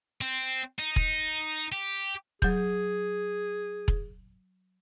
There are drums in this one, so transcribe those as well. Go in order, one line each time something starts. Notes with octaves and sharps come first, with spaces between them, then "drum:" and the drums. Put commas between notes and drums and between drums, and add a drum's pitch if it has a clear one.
C4
D#4
drum: kick E1
G4
F#3 G#4 G6, drum: kick E1
drum: kick E1